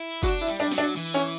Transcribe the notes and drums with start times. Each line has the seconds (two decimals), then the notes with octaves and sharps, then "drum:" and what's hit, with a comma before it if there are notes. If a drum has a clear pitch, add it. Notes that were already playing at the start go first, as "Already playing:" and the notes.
Already playing: E4
0.23 D4 F#4, drum: kick, hi-hat
0.41 E4
0.47 G3, drum: hi-hat
0.60 D4
0.72 F#3, drum: snare
0.78 D4
0.96 E3, drum: hi-hat
1.14 C#4